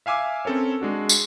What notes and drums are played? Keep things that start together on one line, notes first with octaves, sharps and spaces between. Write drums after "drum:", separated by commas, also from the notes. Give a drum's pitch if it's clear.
E5 F5 G#5 D6 E6
C4 C#4 A4 A#4 C#5
G#3 D4 F#4
drum: tambourine